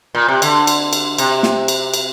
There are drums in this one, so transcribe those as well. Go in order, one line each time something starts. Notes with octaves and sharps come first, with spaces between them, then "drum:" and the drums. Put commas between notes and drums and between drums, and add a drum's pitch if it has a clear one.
A#2
C3
D3, drum: cymbal
drum: cymbal
drum: cymbal
C3, drum: cymbal
drum: snare
drum: cymbal
drum: cymbal